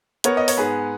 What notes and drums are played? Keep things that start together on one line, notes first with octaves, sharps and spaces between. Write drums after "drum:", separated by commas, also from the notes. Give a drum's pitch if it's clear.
B3 A#4 C#5, drum: hi-hat
D#5
C#5, drum: open hi-hat
G#2 G#4 B4